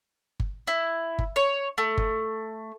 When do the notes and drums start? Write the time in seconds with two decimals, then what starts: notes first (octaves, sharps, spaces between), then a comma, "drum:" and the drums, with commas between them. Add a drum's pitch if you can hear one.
0.40 drum: kick G1
0.67 E4
1.19 drum: kick G1
1.36 C#5
1.78 A3
1.98 drum: kick G1